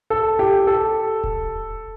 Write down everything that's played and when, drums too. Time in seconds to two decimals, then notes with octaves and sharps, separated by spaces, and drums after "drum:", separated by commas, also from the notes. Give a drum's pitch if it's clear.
0.10 A4
0.39 G4
0.67 A4
1.24 drum: kick D#1